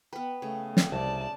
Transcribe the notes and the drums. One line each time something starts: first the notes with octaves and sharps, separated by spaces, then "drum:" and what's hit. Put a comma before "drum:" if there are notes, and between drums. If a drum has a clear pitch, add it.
B3 B4 G5
C#3 A3
drum: snare
C2 D5 A5